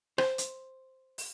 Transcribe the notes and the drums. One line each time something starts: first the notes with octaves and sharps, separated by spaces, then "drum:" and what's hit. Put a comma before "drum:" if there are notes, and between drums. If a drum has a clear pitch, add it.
C5, drum: rim click
drum: hi-hat
drum: open hi-hat